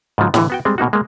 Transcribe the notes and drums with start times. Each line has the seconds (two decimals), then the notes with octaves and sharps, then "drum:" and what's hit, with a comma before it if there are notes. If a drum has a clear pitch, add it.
0.18 G#2 C#3 F3 F#3
0.34 A2 D3 E3, drum: snare
0.50 B3 F#4 G5
0.65 G3 G#3 C4
0.78 B2 A#3 D#4 F#4
0.93 G#3 A#3